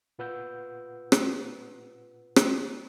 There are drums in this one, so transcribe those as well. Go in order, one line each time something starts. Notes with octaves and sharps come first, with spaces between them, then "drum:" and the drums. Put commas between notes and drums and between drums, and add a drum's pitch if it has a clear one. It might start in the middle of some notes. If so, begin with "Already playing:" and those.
A#2 F4 B4 F#5 E6 G6
drum: rim click
drum: rim click